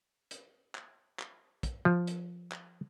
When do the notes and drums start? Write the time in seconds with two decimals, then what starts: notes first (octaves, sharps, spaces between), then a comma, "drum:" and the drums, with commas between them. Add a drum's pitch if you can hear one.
0.31 drum: hi-hat
0.75 drum: clap
1.19 drum: clap
1.63 drum: kick, hi-hat
1.85 F3
2.07 drum: hi-hat
2.52 drum: clap